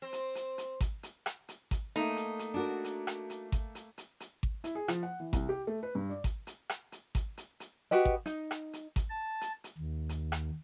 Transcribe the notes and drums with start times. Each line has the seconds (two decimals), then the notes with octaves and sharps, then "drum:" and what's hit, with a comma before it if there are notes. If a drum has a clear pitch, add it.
0.02 C4
0.13 drum: hi-hat
0.35 drum: hi-hat
0.58 drum: hi-hat
0.81 drum: kick G#1, hi-hat
1.03 drum: hi-hat
1.26 drum: rim click
1.48 drum: hi-hat
1.71 drum: kick G#1, hi-hat
1.96 A3 A#3 D#4, drum: hi-hat
2.16 drum: hi-hat
2.39 drum: hi-hat
2.54 D4 F#4 A#4
2.84 drum: hi-hat
3.07 drum: rim click
3.30 drum: hi-hat
3.52 drum: kick G#1, hi-hat
3.75 drum: hi-hat
3.98 drum: hi-hat
4.20 drum: hi-hat
4.43 drum: kick G#1
4.64 E4, drum: hi-hat
4.75 G#4
4.88 F3, drum: rim click
5.03 F#5
5.20 E3
5.33 C2, drum: kick G#1, hi-hat
5.49 G4
5.67 A3
5.83 B4
5.95 G2
6.10 D5
6.24 drum: kick G#1, hi-hat
6.47 drum: hi-hat
6.69 drum: rim click
6.92 drum: hi-hat
7.15 drum: kick G#1, hi-hat
7.37 drum: hi-hat
7.60 drum: hi-hat
7.91 F#4 G4 B4 D#5
8.05 drum: kick G#1
8.26 D#4, drum: hi-hat
8.51 drum: rim click
8.73 drum: hi-hat
8.96 drum: kick G#1, hi-hat
9.10 A5
9.41 drum: hi-hat
9.64 drum: hi-hat
9.78 D#2
10.09 drum: hi-hat
10.32 drum: rim click